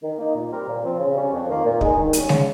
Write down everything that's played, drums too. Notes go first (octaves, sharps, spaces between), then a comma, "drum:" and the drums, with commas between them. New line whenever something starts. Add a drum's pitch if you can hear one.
D#3
A#3 D#4
A#2
G3 C4 G4 A#4
A#2
F3 C4
C#3
G3 C#4
F2
D#3 A#3 F4
A#2
G#3 D#4 G#4, drum: kick
D#3
G3 C#4, drum: hi-hat
C#3, drum: snare G#3